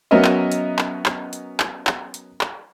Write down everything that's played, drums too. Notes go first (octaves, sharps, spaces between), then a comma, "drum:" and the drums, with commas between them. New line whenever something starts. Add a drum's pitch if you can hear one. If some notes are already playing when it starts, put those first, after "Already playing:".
F#3 B3 C#4 A#4 D#5 E5
drum: clap
drum: hi-hat
drum: clap
drum: clap
drum: hi-hat
drum: clap
drum: clap
drum: hi-hat
drum: clap